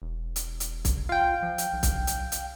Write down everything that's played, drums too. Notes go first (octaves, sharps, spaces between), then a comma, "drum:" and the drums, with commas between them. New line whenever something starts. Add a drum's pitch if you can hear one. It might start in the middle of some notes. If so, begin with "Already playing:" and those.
E1
drum: hi-hat
drum: hi-hat
drum: kick, hi-hat
F4 F5 G5
F3
drum: hi-hat
B1
drum: kick, hi-hat
drum: hi-hat
drum: hi-hat